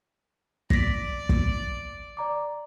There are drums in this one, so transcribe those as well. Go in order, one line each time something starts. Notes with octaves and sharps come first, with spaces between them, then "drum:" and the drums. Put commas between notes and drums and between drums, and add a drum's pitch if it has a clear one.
D5 A#6 B6, drum: kick
drum: kick
D5 A#5 D6